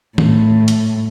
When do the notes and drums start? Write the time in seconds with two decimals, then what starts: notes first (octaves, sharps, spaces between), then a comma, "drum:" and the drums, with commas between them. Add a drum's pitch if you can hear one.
0.18 A2, drum: tom
0.68 drum: hi-hat